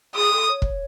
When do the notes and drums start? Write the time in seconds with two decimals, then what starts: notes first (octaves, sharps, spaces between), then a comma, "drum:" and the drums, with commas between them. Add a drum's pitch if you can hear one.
0.15 G#4 D#6
0.32 A4
0.49 C#5
0.62 drum: kick